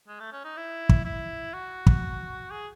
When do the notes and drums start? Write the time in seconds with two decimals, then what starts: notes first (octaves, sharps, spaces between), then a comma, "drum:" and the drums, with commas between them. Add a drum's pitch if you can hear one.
0.08 G#3
0.20 A3
0.33 C#4
0.45 D#4
0.57 E4
0.89 drum: kick
1.05 E4
1.54 F#4
1.87 drum: kick
2.51 G#4